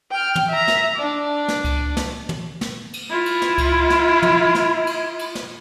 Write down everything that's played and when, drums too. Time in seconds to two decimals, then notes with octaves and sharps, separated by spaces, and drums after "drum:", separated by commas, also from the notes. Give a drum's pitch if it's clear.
0.12 G5 F6
0.36 drum: tom
0.49 E5 A#5
0.68 drum: snare
0.96 D4 D5
1.48 drum: snare
1.64 drum: kick C#2, cymbal
1.97 drum: snare
2.29 drum: tom
2.61 drum: snare
2.93 drum: cymbal
3.10 E4 F4
3.26 drum: cymbal
3.42 drum: snare
3.58 drum: kick C#2, cymbal
3.90 drum: snare
4.22 drum: tom
4.55 drum: snare
4.87 drum: cymbal
5.19 drum: cymbal
5.35 drum: snare